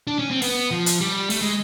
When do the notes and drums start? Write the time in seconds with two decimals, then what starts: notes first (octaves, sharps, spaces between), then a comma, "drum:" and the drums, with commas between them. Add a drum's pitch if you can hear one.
0.07 D4
0.19 C#4
0.30 C4
0.42 B3, drum: open hi-hat
0.71 F3
0.86 drum: hi-hat
1.01 G3
1.30 A3, drum: open hi-hat
1.41 G#3